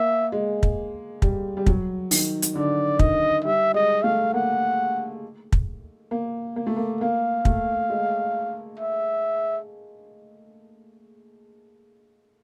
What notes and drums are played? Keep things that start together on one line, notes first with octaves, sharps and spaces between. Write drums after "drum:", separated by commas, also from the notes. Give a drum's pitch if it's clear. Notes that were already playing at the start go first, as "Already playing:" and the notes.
Already playing: A#3 E5
G#3
drum: kick
G3, drum: kick
G3
F#3, drum: kick
D#3, drum: open hi-hat
drum: hi-hat
D3 D5
D#3 D#5, drum: kick
G3 E5
G#3 D#5
A3 F5
A#3 F#5
drum: kick
A#3
A#3
A3
A#3
A#3 F5
A3, drum: kick
G#3
E5